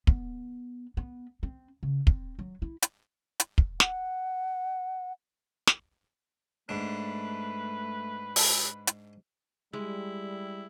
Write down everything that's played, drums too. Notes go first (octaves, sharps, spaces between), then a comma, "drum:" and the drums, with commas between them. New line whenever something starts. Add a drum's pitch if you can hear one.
B3, drum: kick
B3
C4
C#3
C4, drum: kick
F#3
E4
drum: hi-hat
drum: hi-hat
drum: kick
F#5, drum: snare
drum: snare
G#2 A3 D4 B4
drum: open hi-hat
drum: hi-hat
G3 G#3 E4